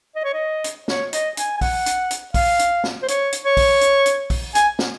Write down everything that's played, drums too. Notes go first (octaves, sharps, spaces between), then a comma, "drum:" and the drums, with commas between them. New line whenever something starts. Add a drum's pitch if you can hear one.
D#5
C#5
D#5
drum: hi-hat
C#5, drum: snare
D#5, drum: hi-hat
G#5, drum: hi-hat
G#5
F#5, drum: kick B1, open hi-hat
drum: hi-hat
drum: hi-hat
F5, drum: kick B1, open hi-hat
drum: hi-hat
drum: snare
C5
C#5, drum: hi-hat
drum: hi-hat
C#5
drum: kick B1, open hi-hat
drum: hi-hat
drum: hi-hat
drum: kick B1, open hi-hat
G#5, drum: hi-hat
drum: snare